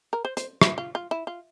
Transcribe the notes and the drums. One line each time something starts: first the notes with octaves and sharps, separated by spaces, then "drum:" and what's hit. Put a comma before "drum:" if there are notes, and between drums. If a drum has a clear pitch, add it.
A#4
C5
C5, drum: hi-hat
E4, drum: rim click
F4
F4
E4
F4